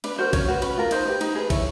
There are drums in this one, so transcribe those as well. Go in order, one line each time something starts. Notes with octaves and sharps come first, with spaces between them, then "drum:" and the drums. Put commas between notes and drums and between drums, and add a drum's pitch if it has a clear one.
D4 B4, drum: cymbal
F#4 A#4 C5
C#4 C#5, drum: kick, cymbal
F#4 B4
C#4 B4, drum: cymbal
F4 A#4
D#4 C5, drum: cymbal
G4 B4
D#4, drum: cymbal
G#4 B4
E4 C#5, drum: kick, cymbal